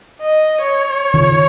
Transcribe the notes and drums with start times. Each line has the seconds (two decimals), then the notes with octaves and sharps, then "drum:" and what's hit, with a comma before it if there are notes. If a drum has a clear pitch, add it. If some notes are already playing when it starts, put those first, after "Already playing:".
0.22 D#5
0.62 C#5
1.14 drum: tom D#3